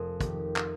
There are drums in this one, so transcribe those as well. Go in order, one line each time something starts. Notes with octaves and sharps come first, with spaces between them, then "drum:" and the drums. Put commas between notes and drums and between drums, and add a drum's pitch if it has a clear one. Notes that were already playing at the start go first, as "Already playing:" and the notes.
Already playing: F1 F2 G#4 A#4
D#3 G4, drum: kick, hi-hat
drum: clap